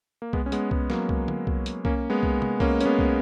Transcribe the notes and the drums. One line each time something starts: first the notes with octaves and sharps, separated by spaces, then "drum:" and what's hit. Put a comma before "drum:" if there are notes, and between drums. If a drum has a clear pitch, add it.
A#3
G#3 B3, drum: kick C2
C#4
G#3 B3, drum: hi-hat
G#3 B3, drum: kick C2
F#3 A#3, drum: snare
drum: kick C2
drum: tom D3
drum: kick C2
drum: hi-hat
A#3 C#4, drum: kick C2
G#3 B3
drum: kick C2
drum: tom C3
A#3 C#4, drum: kick C2
C#4, drum: hi-hat
G#3 B3
drum: kick C2